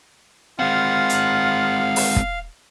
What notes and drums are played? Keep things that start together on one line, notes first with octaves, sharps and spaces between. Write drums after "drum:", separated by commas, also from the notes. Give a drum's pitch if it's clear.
G#3 C4 F4 F5 F#5
drum: hi-hat
drum: open hi-hat
drum: kick